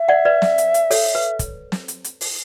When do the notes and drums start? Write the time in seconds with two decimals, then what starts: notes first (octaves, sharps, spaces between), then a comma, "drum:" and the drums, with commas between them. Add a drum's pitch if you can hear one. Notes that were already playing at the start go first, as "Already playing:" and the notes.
Already playing: E5
0.09 D5 F#5
0.25 B4 D5
0.42 drum: snare
0.58 drum: hi-hat
0.74 drum: hi-hat
0.91 A4 C#5, drum: open hi-hat
1.15 B4
1.39 drum: kick, hi-hat
1.72 drum: snare
1.88 drum: hi-hat
2.04 drum: hi-hat
2.21 drum: open hi-hat